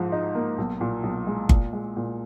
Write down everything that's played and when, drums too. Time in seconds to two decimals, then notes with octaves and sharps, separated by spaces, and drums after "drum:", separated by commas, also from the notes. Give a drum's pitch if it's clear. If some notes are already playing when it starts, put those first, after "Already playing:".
Already playing: G#2 F3
0.12 D#4
0.35 A#3
0.58 B1
0.81 A#2
1.03 B1
1.27 G#3
1.49 A#2, drum: kick G1
1.73 G#3
1.96 A#2